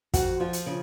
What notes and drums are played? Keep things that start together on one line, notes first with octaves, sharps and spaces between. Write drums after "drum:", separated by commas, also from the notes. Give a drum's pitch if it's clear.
F2 F#4, drum: kick, hi-hat
F3 F4
drum: hi-hat
C#3 C#4